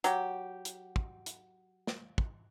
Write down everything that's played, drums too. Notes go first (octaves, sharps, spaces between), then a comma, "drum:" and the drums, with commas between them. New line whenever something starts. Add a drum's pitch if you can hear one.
F#3 G4, drum: hi-hat
drum: hi-hat
drum: kick
drum: hi-hat
drum: snare
drum: kick